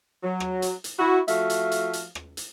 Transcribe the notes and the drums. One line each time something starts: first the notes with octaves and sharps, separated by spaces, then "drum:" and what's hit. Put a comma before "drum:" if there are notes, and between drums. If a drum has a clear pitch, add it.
F#3
drum: rim click
drum: hi-hat
drum: hi-hat
E4 F#4
F3 A3 F#4 E5 F5, drum: hi-hat
drum: hi-hat
drum: hi-hat
drum: hi-hat
drum: rim click
drum: hi-hat